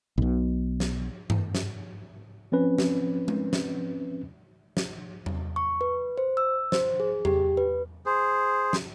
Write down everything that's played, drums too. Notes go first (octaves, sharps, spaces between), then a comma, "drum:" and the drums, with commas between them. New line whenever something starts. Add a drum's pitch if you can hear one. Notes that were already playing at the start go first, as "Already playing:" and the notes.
B1 B2
drum: snare
drum: tom G2
drum: snare
F3 C4 C#4 B4
drum: snare
drum: tom G#3
drum: snare
drum: snare
drum: tom E2
C#6
B4
C5
E6
C5, drum: snare
G#4
G4, drum: tom E2
B4
G#4 C5
drum: snare